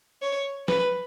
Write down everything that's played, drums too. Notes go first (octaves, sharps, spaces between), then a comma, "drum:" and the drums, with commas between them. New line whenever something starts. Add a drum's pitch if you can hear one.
C#5
B4, drum: snare